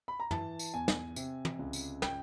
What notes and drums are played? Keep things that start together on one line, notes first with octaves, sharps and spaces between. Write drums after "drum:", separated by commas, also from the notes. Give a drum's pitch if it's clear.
B5
A#5
E3 A5, drum: tom
drum: tambourine
E2 G#5
drum: snare
C3, drum: tambourine
drum: tom
C#2
drum: tambourine
G5, drum: snare